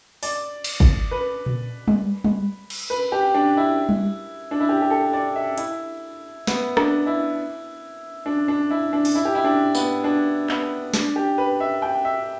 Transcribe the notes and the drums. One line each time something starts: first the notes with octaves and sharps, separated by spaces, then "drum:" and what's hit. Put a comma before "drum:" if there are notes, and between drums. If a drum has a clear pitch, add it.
D5, drum: open hi-hat
drum: cymbal
drum: kick
B4
drum: tom A#2
drum: tom G3
drum: tom G3
drum: cymbal
B4
G4
D4
E4
drum: tom G3
D4
E4
G4
G4
A4
D5
E5
E4, drum: hi-hat
B3, drum: snare
D4, drum: rim click
E4
D4
D4
E4
D4
drum: open hi-hat
E4
G4
E4
D4
B3, drum: tambourine
D4
B3, drum: clap
D4, drum: snare
G4
B4
E5
G5
E5